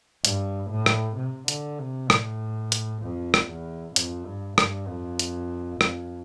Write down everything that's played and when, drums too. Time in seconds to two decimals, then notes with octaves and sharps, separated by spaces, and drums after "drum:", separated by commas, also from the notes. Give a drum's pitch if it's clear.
0.25 G2, drum: hi-hat
0.71 A2
0.86 drum: rim click
1.17 C3
1.48 D3, drum: hi-hat
1.79 C3
2.10 A2, drum: rim click
2.72 drum: hi-hat
3.03 F2
3.34 drum: rim click
3.49 E2
3.96 F2, drum: hi-hat
4.26 G2
4.58 G2, drum: rim click
4.89 F2
5.19 drum: hi-hat
5.81 F2, drum: rim click